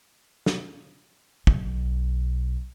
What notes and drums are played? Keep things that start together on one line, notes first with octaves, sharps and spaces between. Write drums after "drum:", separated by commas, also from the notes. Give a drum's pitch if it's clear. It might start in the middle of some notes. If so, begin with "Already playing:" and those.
drum: snare
B1, drum: kick